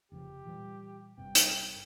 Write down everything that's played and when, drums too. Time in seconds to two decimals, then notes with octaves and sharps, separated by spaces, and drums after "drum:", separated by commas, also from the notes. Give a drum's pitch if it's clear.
0.12 F1 C#3 F3 G4
0.45 A#2 E3 G3
1.18 G1 G2 C3 G5
1.35 drum: hi-hat